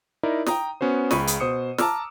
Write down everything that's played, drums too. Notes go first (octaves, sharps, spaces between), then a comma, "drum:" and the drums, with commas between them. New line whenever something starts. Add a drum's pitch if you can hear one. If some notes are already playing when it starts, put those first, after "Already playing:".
D#4 E4 A#4 D5
G5 A#5 D#6, drum: snare
B3 C#4 F#4 C5
C#2 C#3 B5 C#6 D#7, drum: snare
drum: hi-hat
B2 C5 D#6 C#7
A5 A#5 D6 E6 F6, drum: snare